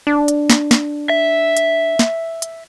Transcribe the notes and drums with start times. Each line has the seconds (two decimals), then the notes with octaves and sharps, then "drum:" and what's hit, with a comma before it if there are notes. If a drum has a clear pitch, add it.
0.07 D4
0.28 drum: hi-hat
0.50 drum: snare
0.71 drum: snare
1.09 E5
1.57 drum: hi-hat
1.99 drum: snare
2.42 drum: hi-hat